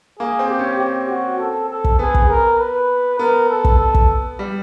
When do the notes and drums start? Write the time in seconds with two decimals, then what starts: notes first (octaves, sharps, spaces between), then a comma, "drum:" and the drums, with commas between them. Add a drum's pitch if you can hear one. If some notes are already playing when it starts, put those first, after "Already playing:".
0.19 A#3 G#4
0.39 C4
0.49 G4
0.59 C#4
0.79 C4 G4
1.09 F#4
1.39 A4
1.69 A4
1.84 drum: kick
1.99 B3 G#4
2.14 drum: kick
2.29 A#4
2.59 B4
3.19 B3 A#4
3.49 A4
3.64 drum: kick
3.79 A4
3.94 drum: kick
4.39 G3